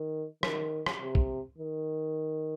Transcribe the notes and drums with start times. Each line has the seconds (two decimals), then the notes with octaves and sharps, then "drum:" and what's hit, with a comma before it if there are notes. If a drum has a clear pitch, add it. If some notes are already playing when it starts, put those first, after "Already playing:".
Already playing: D#3
0.43 D#3, drum: rim click
0.86 drum: rim click
1.00 C3
1.15 drum: kick
1.58 D#3